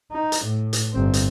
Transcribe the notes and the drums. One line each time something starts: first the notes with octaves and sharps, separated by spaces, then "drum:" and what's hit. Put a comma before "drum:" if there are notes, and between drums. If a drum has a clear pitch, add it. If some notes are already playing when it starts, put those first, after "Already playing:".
D#4
drum: hi-hat
A2
drum: hi-hat
G1 C4
drum: hi-hat